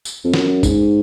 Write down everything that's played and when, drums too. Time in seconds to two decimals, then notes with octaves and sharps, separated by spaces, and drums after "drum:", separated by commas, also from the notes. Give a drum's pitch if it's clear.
0.05 drum: tambourine
0.24 F2
0.34 F#2, drum: snare
0.63 G#2, drum: kick A1, tambourine